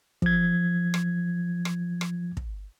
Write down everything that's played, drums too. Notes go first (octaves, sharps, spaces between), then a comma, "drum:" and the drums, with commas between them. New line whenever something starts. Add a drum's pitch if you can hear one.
F3 G#6, drum: kick
drum: rim click
drum: rim click
drum: rim click
drum: kick